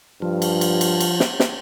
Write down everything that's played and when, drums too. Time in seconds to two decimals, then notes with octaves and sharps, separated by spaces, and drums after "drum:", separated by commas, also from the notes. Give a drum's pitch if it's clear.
0.22 G2 F3
0.42 drum: cymbal
0.61 drum: cymbal
0.81 drum: cymbal
1.00 drum: cymbal
1.20 drum: snare
1.40 drum: snare